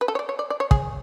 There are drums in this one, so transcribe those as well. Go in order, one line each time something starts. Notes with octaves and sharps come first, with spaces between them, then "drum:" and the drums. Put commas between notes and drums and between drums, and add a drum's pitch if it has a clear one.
B4
A4
C#5
D5
C#5
D5
D5
C#5
G#4, drum: kick